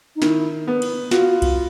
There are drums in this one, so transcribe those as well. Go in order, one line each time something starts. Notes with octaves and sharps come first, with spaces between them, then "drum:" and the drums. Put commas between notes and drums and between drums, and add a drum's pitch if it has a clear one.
D#4
D#3 E4, drum: snare
B3
drum: cymbal
F4 F#4, drum: snare
drum: kick C2, cymbal